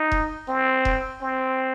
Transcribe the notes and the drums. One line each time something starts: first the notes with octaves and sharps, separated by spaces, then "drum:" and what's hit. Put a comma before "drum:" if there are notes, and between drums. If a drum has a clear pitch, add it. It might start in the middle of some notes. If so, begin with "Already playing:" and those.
Already playing: D#4
drum: kick E1
C4
drum: kick E1
C4